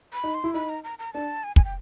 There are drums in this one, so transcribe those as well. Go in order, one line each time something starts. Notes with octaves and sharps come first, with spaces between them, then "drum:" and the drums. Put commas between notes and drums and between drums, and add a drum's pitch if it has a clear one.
B5
D#4
C6
E4
D#4 B5
A#5
A#5
A#5
D4 A5
G#5
G#5, drum: kick
G5